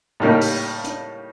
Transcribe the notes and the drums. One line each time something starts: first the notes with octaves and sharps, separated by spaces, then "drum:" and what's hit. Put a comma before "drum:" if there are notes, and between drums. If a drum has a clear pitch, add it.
A2 C#3 G3 A#3 D#4
drum: open hi-hat
drum: hi-hat